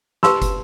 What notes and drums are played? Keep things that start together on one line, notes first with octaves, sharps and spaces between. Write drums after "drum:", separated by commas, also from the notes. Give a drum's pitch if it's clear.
G4 B4 F5 A5 C6 E6, drum: snare
drum: kick, hi-hat